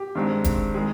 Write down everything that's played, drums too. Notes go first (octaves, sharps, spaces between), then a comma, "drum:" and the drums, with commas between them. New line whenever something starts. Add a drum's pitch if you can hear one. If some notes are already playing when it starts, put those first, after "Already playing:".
Already playing: G4
G2 D#3 G#3 C4
drum: kick, hi-hat
D#3 G#3 G#4